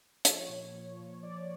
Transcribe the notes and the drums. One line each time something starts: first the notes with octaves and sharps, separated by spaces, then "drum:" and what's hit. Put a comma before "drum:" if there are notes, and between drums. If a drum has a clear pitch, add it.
F3 C#5, drum: hi-hat
A#2
F3
A#2
F3 D5